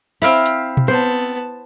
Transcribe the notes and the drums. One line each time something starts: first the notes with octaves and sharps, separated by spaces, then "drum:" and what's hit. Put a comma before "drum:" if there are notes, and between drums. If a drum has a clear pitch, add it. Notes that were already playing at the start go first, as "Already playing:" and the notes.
C4 E4 F5 B5
drum: hi-hat
drum: tom B2
B3 C5 A5